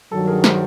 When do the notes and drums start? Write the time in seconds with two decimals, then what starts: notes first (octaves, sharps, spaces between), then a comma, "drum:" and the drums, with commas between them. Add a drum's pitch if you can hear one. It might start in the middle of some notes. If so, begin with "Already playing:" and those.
0.12 G2 D#3 F#3 A4
0.27 G#4 A#4
0.44 A#4 C5, drum: snare